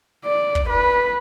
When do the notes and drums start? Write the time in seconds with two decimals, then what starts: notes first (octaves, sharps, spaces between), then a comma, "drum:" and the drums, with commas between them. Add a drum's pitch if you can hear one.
0.25 D5
0.55 drum: kick
0.70 B4